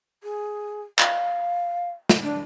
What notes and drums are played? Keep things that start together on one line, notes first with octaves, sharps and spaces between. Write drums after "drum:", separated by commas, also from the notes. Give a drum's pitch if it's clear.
G#4
F5, drum: clap
drum: snare
D4